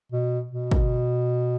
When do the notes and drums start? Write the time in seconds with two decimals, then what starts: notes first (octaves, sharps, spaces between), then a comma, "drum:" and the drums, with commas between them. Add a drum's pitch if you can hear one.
0.12 B2
0.51 B2
0.72 drum: kick